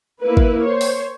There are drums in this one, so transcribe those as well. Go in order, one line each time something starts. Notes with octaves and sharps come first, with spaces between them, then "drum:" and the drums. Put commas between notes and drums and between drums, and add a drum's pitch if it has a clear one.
A#3 E4 B4
drum: kick G#1
C5 C#5
drum: open hi-hat